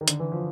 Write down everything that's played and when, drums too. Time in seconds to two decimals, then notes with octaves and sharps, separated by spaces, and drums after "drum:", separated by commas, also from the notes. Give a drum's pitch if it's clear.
0.01 D#3
0.08 D3, drum: hi-hat
0.20 E3
0.32 F3